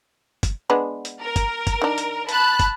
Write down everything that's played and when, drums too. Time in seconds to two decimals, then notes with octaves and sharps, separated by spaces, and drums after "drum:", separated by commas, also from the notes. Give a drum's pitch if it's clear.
0.43 drum: kick, hi-hat
0.70 G#3 B3 D4
1.05 drum: hi-hat
1.20 A#4
1.36 drum: kick, hi-hat
1.67 drum: kick, hi-hat
1.82 D#3 D4
1.98 drum: hi-hat
2.29 A5 B5 F#6, drum: hi-hat
2.60 drum: kick, hi-hat